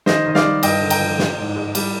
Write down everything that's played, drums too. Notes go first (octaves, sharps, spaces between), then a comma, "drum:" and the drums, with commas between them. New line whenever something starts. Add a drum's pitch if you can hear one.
D#3 C5 D#5, drum: snare
D#3 D#5
D5 F5, drum: snare
G3
G2 D#5 G5, drum: cymbal
D3
G5 A#5, drum: cymbal
F3
F3, drum: snare
G#2
G#3
G3, drum: cymbal